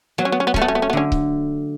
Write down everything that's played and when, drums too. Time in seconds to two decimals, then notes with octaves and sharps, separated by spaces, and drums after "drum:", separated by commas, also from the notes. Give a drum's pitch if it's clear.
0.18 F#3 B3
0.25 C#4
0.32 B3
0.40 C#4
0.47 B3
0.54 A3 C#4, drum: kick C#1
0.62 B3
0.68 C#4
0.75 B3
0.82 C#4
0.90 B3
0.93 D3 C#4
1.12 drum: kick C#1